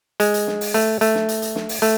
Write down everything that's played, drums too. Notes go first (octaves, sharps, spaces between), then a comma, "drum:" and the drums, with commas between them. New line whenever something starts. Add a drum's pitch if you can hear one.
G#3, drum: hi-hat
drum: hi-hat
drum: snare
drum: open hi-hat
A3, drum: hi-hat
A3, drum: hi-hat
drum: snare
drum: hi-hat
drum: hi-hat
drum: snare
drum: open hi-hat
A3, drum: hi-hat